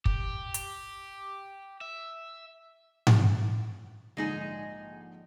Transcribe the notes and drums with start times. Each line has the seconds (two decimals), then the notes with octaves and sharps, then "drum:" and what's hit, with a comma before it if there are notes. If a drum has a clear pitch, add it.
0.05 G4, drum: kick
0.54 drum: hi-hat
1.81 E5
3.07 drum: tom G#2
4.17 A#1 G#2 D3 G#3 D#4 G#4